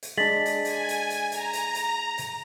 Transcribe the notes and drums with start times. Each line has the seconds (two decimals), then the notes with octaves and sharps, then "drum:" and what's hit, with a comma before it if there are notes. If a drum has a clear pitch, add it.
0.03 drum: hi-hat
0.17 G#3 D4 A6 B6 F#7
0.46 drum: hi-hat
0.65 G#5, drum: hi-hat
0.89 drum: hi-hat
1.10 drum: hi-hat
1.32 A#5, drum: hi-hat
1.53 drum: hi-hat
1.75 drum: hi-hat
2.18 drum: hi-hat